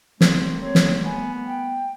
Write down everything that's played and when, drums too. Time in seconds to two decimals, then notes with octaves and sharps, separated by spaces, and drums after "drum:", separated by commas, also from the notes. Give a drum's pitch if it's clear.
0.21 G3 A3 A#3 C4, drum: snare
0.62 C4 C#5
0.75 drum: snare
1.04 B3 G#5
1.46 G5